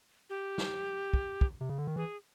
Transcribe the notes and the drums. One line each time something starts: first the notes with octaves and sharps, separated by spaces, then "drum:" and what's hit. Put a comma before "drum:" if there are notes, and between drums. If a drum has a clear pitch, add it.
G4
drum: snare
drum: kick
drum: kick
C3
C#3
D3
D#3
E3 G#4